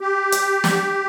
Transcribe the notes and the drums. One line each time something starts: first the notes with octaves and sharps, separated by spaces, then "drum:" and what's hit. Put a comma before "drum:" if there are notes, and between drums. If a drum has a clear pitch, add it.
G4
drum: hi-hat
drum: snare